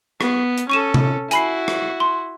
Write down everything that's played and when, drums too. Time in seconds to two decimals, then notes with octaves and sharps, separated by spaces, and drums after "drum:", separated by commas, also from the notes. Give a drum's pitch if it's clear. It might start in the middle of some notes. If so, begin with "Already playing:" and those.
0.21 B3, drum: rim click
0.58 drum: hi-hat
0.69 C#4 A4 C#6 D#7 E7
0.94 drum: tom C3
1.31 E4 F#4 G#5 B5 C7, drum: hi-hat
1.68 drum: rim click
2.00 C6